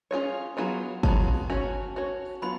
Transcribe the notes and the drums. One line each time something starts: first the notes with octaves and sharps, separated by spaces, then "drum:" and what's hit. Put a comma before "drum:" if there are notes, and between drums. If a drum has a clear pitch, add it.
C#4 F4 G#4 C#5
F#3 B3 F4 G#4 C#5
F#3 B3 F4 G#4 C#5 A5, drum: kick
C#4 F#4 C#5
C#4 F#4 C#5
F#3 B3 F4 B5